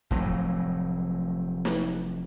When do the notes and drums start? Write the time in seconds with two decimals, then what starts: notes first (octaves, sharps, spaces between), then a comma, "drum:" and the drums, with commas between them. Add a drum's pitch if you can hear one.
0.11 F1 F2 A2 F#3, drum: kick
1.65 drum: snare